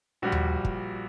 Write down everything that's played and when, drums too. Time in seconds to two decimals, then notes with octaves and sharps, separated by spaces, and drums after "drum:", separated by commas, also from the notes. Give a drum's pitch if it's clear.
0.22 A#1 A#2 G3 F#4
0.32 drum: tom D#2
0.65 drum: kick